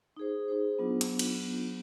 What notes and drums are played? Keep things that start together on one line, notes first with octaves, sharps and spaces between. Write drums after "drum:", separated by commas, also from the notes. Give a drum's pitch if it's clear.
D#4 G#4 C5
D#4 G#4 C5
F#3 B3 D4 F4
drum: hi-hat
drum: cymbal